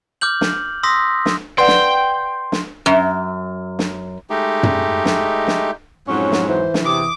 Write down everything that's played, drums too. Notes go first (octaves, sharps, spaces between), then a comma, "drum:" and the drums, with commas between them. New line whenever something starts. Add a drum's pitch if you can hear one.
D6 F6 G6 F#7
drum: snare
C6 D#6 E6 A#6 B6
drum: snare
B4 D5 F#5 G5 C6
drum: snare
drum: snare
F#2
drum: snare
G#3 A3 D#4 G4
drum: tom
drum: snare
drum: snare
F2 G#2 F#3 C#4
drum: snare
E3 C5
drum: snare
E2 C3 D6 D#6